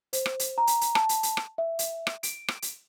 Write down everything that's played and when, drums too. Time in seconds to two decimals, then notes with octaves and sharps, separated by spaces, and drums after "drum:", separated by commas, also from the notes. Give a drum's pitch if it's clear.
0.13 C5, drum: hi-hat
0.26 drum: rim click
0.39 drum: hi-hat
0.58 A#5
0.67 drum: hi-hat
0.81 drum: hi-hat
0.95 A5, drum: rim click
1.09 drum: hi-hat
1.23 drum: hi-hat
1.37 drum: rim click
1.58 E5
1.79 drum: hi-hat
2.07 drum: rim click
2.23 D7, drum: hi-hat
2.48 drum: rim click
2.62 drum: hi-hat